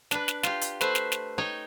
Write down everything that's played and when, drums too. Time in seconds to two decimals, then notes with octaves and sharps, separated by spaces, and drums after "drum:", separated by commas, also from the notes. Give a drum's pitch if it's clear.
0.11 D4 B4, drum: snare
0.28 drum: snare
0.43 F4 G4, drum: snare
0.61 drum: hi-hat
0.81 A3 B4 C5 E5, drum: snare
0.95 drum: snare
1.12 drum: snare
1.38 D#4 C#5 D#5 G5